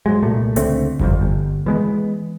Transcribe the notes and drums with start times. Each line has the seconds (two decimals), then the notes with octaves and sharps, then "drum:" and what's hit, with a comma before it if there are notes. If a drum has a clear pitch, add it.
0.06 G#2 F#3 G#3
0.22 C2 A#2 A3
0.56 C#2 D3 A3 C4, drum: hi-hat
0.99 G1 C2 F2, drum: kick G1
1.21 G1
1.66 E3 G#3 B3